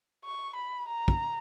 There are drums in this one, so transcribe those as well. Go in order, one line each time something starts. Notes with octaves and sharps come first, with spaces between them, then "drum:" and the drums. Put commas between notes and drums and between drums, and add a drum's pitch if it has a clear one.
C#6
B5
A#5
drum: kick